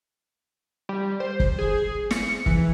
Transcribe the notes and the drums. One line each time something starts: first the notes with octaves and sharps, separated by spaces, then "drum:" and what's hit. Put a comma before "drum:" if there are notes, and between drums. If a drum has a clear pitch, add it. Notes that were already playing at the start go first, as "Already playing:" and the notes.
G3
C5
drum: kick
G#4
C#7, drum: snare
E3, drum: kick